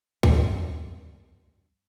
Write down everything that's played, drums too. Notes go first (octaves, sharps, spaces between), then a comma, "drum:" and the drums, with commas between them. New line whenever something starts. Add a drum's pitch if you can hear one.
G2 F3 C4, drum: kick